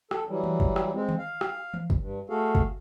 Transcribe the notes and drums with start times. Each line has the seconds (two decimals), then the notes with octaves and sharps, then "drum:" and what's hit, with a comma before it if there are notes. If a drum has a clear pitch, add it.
0.11 A4, drum: rim click
0.27 E3 F#3 G3
0.44 drum: tom E3
0.60 drum: kick
0.76 drum: rim click
0.93 G#3 C4
1.09 drum: tom D#3
1.18 F5
1.41 drum: rim click
1.74 drum: tom E3
1.90 drum: kick
1.99 G2
2.30 A3 F#4 G#4 A4 F5
2.55 drum: kick